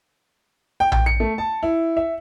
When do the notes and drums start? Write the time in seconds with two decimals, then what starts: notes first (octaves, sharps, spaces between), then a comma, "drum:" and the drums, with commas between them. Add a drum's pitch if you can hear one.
0.80 G5
0.92 G5, drum: tom A#1
1.06 C#7
1.20 A3
1.38 A5
1.63 E4
1.97 E5